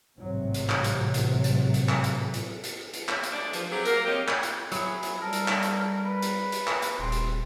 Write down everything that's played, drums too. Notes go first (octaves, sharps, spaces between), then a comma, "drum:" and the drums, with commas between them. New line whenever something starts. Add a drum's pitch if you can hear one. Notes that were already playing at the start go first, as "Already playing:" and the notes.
A1 G#2 C3 F#3
drum: hi-hat
drum: clap
drum: hi-hat
drum: hi-hat
drum: hi-hat
drum: hi-hat
drum: clap
drum: hi-hat
drum: hi-hat
drum: hi-hat
drum: hi-hat
drum: clap
drum: hi-hat
G#3 D4
F3, drum: hi-hat
F#3 C4 G4 G#4
F#3 A#3 A#4, drum: hi-hat
C4 C#4 D#4 G4
drum: clap
drum: hi-hat
F#3 E4 G#4, drum: hi-hat
drum: hi-hat
G3 A4 A#4
drum: hi-hat
drum: clap
drum: hi-hat
B4
drum: hi-hat
drum: hi-hat
drum: clap
drum: hi-hat
D#1 C4
drum: hi-hat